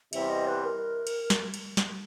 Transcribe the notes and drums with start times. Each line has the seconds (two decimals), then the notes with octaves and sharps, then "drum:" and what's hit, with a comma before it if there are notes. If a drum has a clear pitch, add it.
0.13 E2 C3 E3 G3 C4 E5, drum: cymbal
0.30 D#5
0.48 B4
0.65 A#4
1.07 drum: cymbal
1.30 drum: snare
1.54 drum: cymbal
1.77 drum: snare